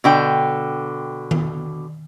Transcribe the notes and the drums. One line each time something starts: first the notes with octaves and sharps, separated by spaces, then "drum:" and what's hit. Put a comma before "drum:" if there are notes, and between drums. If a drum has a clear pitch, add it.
B2 D3 G5
drum: tom D#3